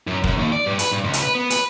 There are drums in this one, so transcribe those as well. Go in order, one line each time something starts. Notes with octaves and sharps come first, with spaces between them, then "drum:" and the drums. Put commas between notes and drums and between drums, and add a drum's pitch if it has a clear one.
F#2
F#2, drum: kick F1
D#2
D5
G2
B4, drum: hi-hat
G2
C#2
drum: hi-hat
B4
B3
B4, drum: hi-hat